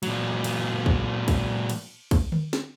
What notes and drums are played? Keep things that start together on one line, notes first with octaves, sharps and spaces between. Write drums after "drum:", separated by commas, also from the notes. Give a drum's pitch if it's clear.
A#2 F#3, drum: cymbal
drum: cymbal
drum: kick
drum: kick, cymbal
drum: cymbal
drum: kick, cymbal
drum: tom D3
drum: snare